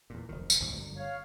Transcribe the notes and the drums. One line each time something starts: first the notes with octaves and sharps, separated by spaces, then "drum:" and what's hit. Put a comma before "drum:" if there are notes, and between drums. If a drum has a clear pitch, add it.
E2 G2 A#2
F1 F#2 D#3
drum: tambourine
G#1 D2 F3
G1 F#2
C#5 F5